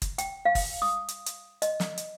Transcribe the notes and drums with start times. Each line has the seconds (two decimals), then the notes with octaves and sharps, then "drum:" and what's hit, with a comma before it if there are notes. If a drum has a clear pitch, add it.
0.02 drum: kick, hi-hat
0.18 G5, drum: hi-hat
0.45 F5
0.55 drum: kick, open hi-hat
0.82 D#6
1.08 drum: hi-hat
1.26 drum: hi-hat
1.62 D#5, drum: hi-hat
1.80 drum: snare
1.98 drum: hi-hat